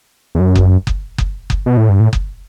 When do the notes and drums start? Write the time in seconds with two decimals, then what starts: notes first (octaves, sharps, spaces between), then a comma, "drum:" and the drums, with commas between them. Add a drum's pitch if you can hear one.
0.35 E2
0.40 F#2
0.55 drum: kick F#1
0.87 drum: kick F#1
1.18 drum: kick F#1
1.50 drum: kick F#1
1.66 B2
1.77 A2
1.89 G2
2.00 A2
2.13 drum: kick F#1